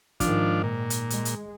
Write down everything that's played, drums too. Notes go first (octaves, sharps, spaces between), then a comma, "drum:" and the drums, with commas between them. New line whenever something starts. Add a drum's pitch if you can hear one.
G#2 D#3 F3 D4, drum: kick, hi-hat
A#2
drum: hi-hat
G#3, drum: hi-hat
drum: hi-hat